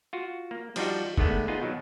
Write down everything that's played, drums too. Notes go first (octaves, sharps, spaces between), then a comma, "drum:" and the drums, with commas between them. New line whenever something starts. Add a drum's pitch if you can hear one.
F4 F#4
A#3
F3 G3 D4 D#4 F4 F#4, drum: cymbal
D3 D#3 G#3 A3 B3, drum: kick
B3 D#4 F4 G#4
B2 D#3 F#3